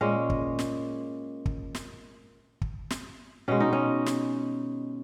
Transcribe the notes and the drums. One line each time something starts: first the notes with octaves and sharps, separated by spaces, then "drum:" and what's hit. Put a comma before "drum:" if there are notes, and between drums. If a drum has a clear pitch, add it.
A#2 G#3 C#4
drum: kick
drum: snare
drum: kick
drum: snare
drum: kick
drum: snare
B2 G#3 C#4
D#4
C#4
drum: snare